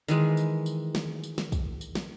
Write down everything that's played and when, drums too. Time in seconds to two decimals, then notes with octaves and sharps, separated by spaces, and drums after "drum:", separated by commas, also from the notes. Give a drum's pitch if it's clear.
0.08 D#3 E3 G#3, drum: tambourine
0.37 drum: tambourine
0.66 drum: tambourine
0.95 drum: snare
1.24 drum: tambourine
1.38 drum: snare
1.52 drum: kick, tambourine
1.81 drum: tambourine
1.95 drum: snare